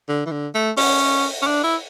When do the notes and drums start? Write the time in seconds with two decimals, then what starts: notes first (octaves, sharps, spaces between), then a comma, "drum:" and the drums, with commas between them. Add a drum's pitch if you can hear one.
0.08 D3
0.26 E3
0.31 D3
0.55 A3
0.77 C#4, drum: open hi-hat
1.42 C#4
1.47 D4
1.63 E4